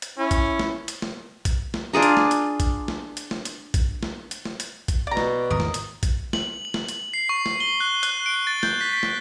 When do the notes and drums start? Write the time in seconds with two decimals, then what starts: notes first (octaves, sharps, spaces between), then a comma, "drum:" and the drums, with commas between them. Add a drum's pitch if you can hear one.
0.02 drum: hi-hat
0.18 C#4 E4
0.31 drum: kick A#1, hi-hat
0.59 drum: snare
0.88 drum: hi-hat
1.02 drum: snare
1.45 drum: kick A#1, hi-hat
1.74 drum: snare
1.93 D4 F4 G#4 A#5
2.02 drum: hi-hat
2.17 drum: snare
2.31 drum: hi-hat
2.60 drum: kick A#1, hi-hat
2.88 drum: snare
3.17 drum: hi-hat
3.31 drum: snare
3.45 drum: hi-hat
3.74 drum: kick A#1, hi-hat
4.03 drum: snare
4.31 drum: hi-hat
4.45 drum: snare
4.60 drum: hi-hat
4.88 drum: kick A#1, hi-hat
5.07 B2 D5 A#5
5.17 drum: snare
5.51 G#1 E2 A#4 D#6
5.60 drum: snare
5.74 drum: hi-hat
6.03 drum: kick A#1, hi-hat
6.33 F#7, drum: snare
6.65 F#7
6.74 drum: snare
6.89 drum: hi-hat
7.14 C7
7.29 C#6
7.46 drum: snare
7.60 G7
7.80 F#6
8.03 F#6, drum: hi-hat
8.26 D7
8.47 A6
8.63 G6, drum: snare
8.81 B6
8.93 B6
9.03 drum: snare